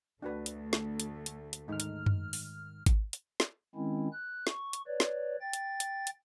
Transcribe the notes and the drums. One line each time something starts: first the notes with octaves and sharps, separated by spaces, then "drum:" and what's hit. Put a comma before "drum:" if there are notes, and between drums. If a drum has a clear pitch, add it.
D2 A3 D4 F#4 B4
drum: hi-hat
drum: snare
drum: hi-hat
drum: hi-hat
drum: hi-hat
G#2 D#3 G#3 D#4 F6
drum: hi-hat
drum: tom F#2
drum: open hi-hat
drum: kick G#1, hi-hat
drum: hi-hat
drum: snare
D#3 G#3 C4 C#4 E4
F#6
C#6, drum: snare
drum: hi-hat
B4 C#5 D5
drum: snare
G5 A6
drum: hi-hat
drum: hi-hat
drum: hi-hat